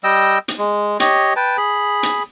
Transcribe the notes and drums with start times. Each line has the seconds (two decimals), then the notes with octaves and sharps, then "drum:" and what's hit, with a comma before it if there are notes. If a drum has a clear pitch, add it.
0.04 G3 D#5 G5 E6
0.48 drum: hi-hat
0.59 G#3
1.00 G4 C#5 D#5, drum: hi-hat
1.36 B4 G5 A5
1.57 G#4 B5
2.03 drum: hi-hat